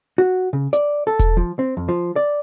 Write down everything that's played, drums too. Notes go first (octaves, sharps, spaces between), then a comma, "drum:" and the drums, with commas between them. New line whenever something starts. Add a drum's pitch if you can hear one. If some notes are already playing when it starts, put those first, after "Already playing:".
F#4
C#3
D5, drum: hi-hat
A4
drum: kick E1, hi-hat
F3
C4
F2
F3
D5